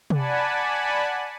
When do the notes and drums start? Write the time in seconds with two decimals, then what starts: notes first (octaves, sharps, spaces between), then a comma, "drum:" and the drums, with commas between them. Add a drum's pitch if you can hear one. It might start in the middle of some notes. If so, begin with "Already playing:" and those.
0.10 D5 F#5 G#5 A5 B5, drum: tom C3